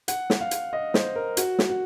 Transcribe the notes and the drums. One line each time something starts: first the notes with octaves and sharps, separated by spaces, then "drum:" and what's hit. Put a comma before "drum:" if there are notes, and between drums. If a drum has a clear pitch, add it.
F#5, drum: hi-hat
drum: snare
F5
drum: hi-hat
D#5
C5, drum: snare
A#4
F#4, drum: hi-hat
drum: snare
F#4